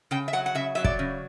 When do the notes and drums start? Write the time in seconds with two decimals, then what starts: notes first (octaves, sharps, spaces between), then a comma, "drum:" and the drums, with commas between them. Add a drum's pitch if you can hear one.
0.11 C#3 G5
0.28 E5
0.33 F#3 F#5
0.46 F#5
0.55 C#3 E5
0.75 F#3 E5
0.84 D5, drum: kick
0.99 C#3